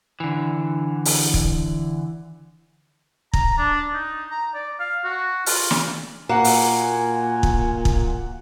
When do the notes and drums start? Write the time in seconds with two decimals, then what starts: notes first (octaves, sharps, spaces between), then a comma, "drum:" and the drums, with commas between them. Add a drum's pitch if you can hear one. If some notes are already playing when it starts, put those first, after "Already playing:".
0.20 D3 E3
1.05 drum: open hi-hat
1.34 drum: kick
3.33 A#5, drum: kick
3.58 D4
3.94 D#4
4.31 A#5
4.54 D5
4.80 F5
5.04 F#4
5.46 F4, drum: open hi-hat
5.71 drum: snare
6.29 A#2 A#3 F#4 F#5 G#5
6.44 drum: open hi-hat
7.43 drum: kick
7.85 drum: kick